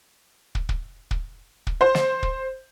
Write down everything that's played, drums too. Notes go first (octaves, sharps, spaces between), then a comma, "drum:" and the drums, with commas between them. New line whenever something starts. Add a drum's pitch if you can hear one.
drum: kick
drum: kick
drum: kick
drum: kick
C5
drum: snare
drum: kick